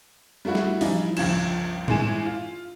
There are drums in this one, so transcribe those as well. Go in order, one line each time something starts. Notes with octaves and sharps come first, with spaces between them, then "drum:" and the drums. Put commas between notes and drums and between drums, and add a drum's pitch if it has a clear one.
G3 A3 E4 F#4
drum: snare
E3 F3 G3 D#4, drum: open hi-hat
G1 C#2 F3 G#6 E7, drum: cymbal
G1 E3 G#3 G#5 E7, drum: tom A2
F4